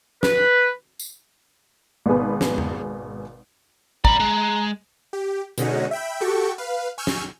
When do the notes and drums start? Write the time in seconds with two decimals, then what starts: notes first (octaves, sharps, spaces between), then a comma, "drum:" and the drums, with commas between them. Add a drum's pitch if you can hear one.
0.23 B4, drum: snare
0.99 drum: tambourine
2.06 G#1 B2 G#4 B4
2.41 drum: snare
2.58 drum: tom E2
4.05 D5 A#5 B5, drum: kick
4.20 G#3
5.13 G4
5.58 B2 D3 G#3 C#4 D#4 F#4, drum: hi-hat
5.91 E5 G5 B5
6.21 F#4 G4 A4 G5 C#6
6.58 B4 F5
6.98 G#5 C#6 E6 F6 G6
7.07 drum: snare